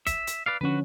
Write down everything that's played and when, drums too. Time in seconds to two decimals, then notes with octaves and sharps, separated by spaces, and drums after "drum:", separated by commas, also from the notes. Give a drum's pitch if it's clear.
0.07 E5, drum: kick, hi-hat
0.27 drum: hi-hat
0.46 B4 D5 F5
0.61 D3 F3 C#4 F#4 B4